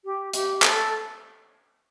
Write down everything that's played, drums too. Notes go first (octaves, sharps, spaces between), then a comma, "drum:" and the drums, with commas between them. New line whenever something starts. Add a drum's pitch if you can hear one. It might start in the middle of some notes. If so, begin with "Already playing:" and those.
G4
G4, drum: hi-hat
A4, drum: clap